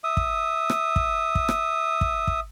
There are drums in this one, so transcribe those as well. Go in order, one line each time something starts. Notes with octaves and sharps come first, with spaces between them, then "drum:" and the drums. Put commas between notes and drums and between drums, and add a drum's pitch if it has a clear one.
E5 D#6
drum: kick
drum: rim click
drum: kick
drum: kick
drum: rim click
drum: kick
drum: kick